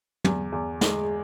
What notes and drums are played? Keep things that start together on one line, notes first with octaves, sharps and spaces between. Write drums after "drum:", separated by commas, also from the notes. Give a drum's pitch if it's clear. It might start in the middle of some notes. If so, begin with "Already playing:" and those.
E2, drum: tom
E2
G#3, drum: snare